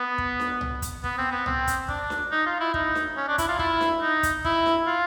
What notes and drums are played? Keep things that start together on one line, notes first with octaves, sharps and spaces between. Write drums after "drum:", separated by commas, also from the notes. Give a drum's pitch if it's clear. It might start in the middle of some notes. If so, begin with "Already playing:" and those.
Already playing: B3
drum: kick
drum: snare D4
drum: tom C2
drum: kick, hi-hat
B3, drum: kick
C4
B3
C4, drum: tom C2
drum: kick, hi-hat
D4, drum: kick
drum: snare D4
D#4
F4
E4
D#4, drum: kick
drum: snare D4
C#4
D4
E4, drum: kick, hi-hat
F4
E4, drum: kick
drum: snare D4
D#4
drum: kick, hi-hat
E4, drum: kick
drum: snare D4
F4